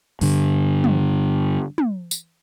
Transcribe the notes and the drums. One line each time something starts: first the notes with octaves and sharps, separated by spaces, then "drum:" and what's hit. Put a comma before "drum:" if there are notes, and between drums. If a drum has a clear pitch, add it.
G2 D3, drum: open hi-hat
drum: tom
drum: tom
drum: tambourine